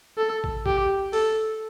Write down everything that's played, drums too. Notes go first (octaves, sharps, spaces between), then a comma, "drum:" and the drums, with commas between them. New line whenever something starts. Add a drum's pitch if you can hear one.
A4
drum: kick
G4, drum: kick
A4, drum: open hi-hat